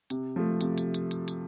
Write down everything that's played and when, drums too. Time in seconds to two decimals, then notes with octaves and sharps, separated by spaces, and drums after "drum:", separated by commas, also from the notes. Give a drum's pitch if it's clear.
0.10 C3, drum: hi-hat
0.36 F3 A3
0.61 C3, drum: hi-hat
0.78 drum: hi-hat
0.94 drum: hi-hat
1.11 drum: hi-hat
1.28 drum: hi-hat